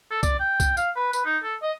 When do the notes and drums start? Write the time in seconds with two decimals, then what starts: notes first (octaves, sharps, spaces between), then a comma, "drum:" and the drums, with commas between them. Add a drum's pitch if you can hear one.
0.11 A4
0.23 D5, drum: kick, tambourine
0.40 G5
0.60 drum: kick, tambourine
0.77 F5, drum: tambourine
0.96 B4
1.13 B4, drum: tambourine
1.26 D#4
1.44 A4
1.63 D#5